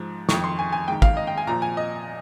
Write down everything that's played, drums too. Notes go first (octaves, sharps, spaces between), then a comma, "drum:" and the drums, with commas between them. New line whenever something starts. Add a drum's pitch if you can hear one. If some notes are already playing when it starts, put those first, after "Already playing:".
Already playing: G#2 F3
F2 D#3 C#6, drum: snare
C6
G#5
G#5
G#2 D#3 G5
F5, drum: kick
D#5
G5
G#5
A#2 F3 A#5
G#5
D#5